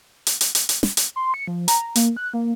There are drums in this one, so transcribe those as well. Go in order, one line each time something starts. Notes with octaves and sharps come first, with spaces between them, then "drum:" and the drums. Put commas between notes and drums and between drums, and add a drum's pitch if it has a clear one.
drum: hi-hat
drum: hi-hat
drum: hi-hat
drum: hi-hat
drum: snare
drum: hi-hat
C6
C#7
F3
A#5, drum: hi-hat
A#3, drum: hi-hat
F#6
A#3